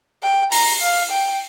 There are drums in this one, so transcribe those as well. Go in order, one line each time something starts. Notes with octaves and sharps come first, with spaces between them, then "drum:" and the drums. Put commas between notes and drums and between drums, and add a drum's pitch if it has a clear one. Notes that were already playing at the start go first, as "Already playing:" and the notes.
G5
A#5, drum: open hi-hat
F5
G5